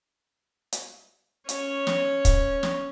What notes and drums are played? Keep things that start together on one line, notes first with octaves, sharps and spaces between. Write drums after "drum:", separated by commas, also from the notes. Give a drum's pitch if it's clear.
drum: hi-hat
C#4 C#5, drum: hi-hat
drum: snare
drum: kick, hi-hat
drum: snare